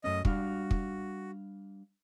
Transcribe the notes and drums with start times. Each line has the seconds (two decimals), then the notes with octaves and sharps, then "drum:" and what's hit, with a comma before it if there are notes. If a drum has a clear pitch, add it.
0.04 F#2 A3 C#4 D#5
0.25 G3 D4 F#4 F5, drum: kick
0.71 drum: kick